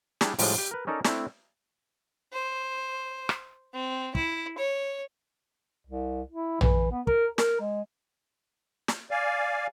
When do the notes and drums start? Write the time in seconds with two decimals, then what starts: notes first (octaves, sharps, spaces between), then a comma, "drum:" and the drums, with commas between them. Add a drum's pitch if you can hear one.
0.21 G3 D4 E4 G4 G#4, drum: snare
0.39 A2 F3 G3 G#3 D4, drum: open hi-hat
0.58 G4
0.71 A#4 B4
0.87 C#4 D#4 A4 A#4 D5
1.05 A3 C4 D4 E4, drum: snare
2.33 C5
3.29 drum: rim click
3.73 C4
4.15 E4, drum: kick
4.58 C#5
5.87 C2
6.31 E4
6.61 E3, drum: tom A#1
6.92 B3
7.07 A#4, drum: kick
7.38 A#4, drum: snare
7.60 G#3
8.88 drum: snare
9.11 D5 F5 G#5